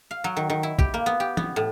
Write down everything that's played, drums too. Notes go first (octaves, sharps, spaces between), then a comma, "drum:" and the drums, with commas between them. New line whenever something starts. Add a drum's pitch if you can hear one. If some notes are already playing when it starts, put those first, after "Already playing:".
F5
F#3
D#3
D#3
E4
G4, drum: kick
A#3
B3
G4
B3, drum: tom
A2